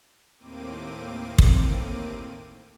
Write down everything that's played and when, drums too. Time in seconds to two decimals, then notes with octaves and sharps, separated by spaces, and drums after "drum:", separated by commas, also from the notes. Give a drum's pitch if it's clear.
0.38 D#2 A2 A#3 C4 D6 D#7
1.38 drum: kick